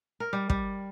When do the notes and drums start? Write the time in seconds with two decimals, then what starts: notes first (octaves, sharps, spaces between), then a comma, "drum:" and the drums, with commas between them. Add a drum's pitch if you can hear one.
0.20 A#4
0.33 G3
0.50 G3, drum: kick